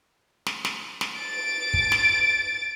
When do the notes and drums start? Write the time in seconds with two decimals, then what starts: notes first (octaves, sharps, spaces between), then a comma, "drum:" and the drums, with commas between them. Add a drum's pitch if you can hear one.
0.46 drum: snare
0.65 drum: snare
1.01 drum: snare
1.19 A6 D7
1.74 drum: kick
1.92 drum: snare